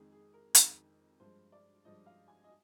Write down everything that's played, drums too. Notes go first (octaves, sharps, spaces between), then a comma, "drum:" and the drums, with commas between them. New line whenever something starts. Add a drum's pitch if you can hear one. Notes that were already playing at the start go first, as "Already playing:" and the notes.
Already playing: F2 D#3 G#3 G#4
G#4
A#4
F2 D#3 G#3, drum: hi-hat
G2 F3 G#3 C5
D5
G2 F3 G#3 D#5
F5
G#5
D#5